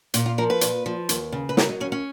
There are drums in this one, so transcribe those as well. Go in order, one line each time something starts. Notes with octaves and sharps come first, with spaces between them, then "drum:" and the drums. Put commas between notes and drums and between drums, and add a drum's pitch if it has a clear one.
A#2 F4, drum: hi-hat
F4
F3 A#4
B4
A#2, drum: hi-hat
F3
D#2, drum: hi-hat
C#3
B4
F#3 A#4, drum: snare
D#4
D#2 C#4
C#4